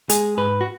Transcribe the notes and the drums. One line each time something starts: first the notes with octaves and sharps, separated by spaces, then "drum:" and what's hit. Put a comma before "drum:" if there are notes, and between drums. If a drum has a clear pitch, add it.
G#3 G#4, drum: hi-hat
G#2 B4
F#4